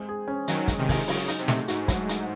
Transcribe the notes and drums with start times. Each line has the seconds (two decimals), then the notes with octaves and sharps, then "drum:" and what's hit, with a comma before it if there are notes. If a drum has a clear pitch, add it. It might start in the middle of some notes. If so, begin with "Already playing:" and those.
Already playing: G#3 C4
0.09 G#4
0.28 C#4
0.48 D#3 F#3 D#5, drum: hi-hat
0.68 G#3, drum: kick, hi-hat
0.78 C3 D#3
0.89 G#4, drum: kick, open hi-hat
1.08 C#3 F#3, drum: open hi-hat
1.28 D#4, drum: hi-hat
1.39 C3
1.48 A3, drum: snare
1.68 G#2 F#4, drum: hi-hat
1.88 F#3, drum: kick, hi-hat
2.09 D#4, drum: hi-hat